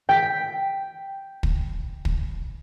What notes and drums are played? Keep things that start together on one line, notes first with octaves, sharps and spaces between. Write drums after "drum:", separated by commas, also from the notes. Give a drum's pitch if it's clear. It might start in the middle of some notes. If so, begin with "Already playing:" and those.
G5 B6
drum: kick
drum: kick